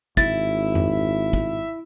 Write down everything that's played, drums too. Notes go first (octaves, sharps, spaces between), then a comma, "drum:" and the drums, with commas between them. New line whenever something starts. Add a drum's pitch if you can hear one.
G#1 E4 E5 A6, drum: kick
drum: tom F2
drum: kick